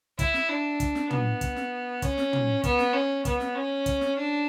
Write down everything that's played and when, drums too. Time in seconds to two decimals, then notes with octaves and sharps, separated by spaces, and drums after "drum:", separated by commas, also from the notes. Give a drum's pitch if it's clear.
0.19 E4, drum: kick, hi-hat
0.34 drum: snare
0.49 D4
0.80 drum: kick, hi-hat
0.95 drum: snare
1.10 B3, drum: tom
1.41 drum: kick, hi-hat
1.56 drum: snare
2.02 C#4, drum: kick, hi-hat
2.18 drum: snare
2.33 drum: tom
2.64 B3, drum: kick, hi-hat
2.79 drum: snare
2.94 C#4
3.25 B3, drum: kick, hi-hat
3.40 drum: snare
3.55 C#4
3.86 drum: kick, hi-hat
4.01 drum: snare
4.17 D4